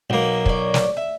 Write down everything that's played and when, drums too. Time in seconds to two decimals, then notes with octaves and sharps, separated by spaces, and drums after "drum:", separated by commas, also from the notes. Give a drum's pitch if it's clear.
0.10 B1 A#3
0.46 C#5 D5, drum: kick
0.74 drum: snare
0.97 E5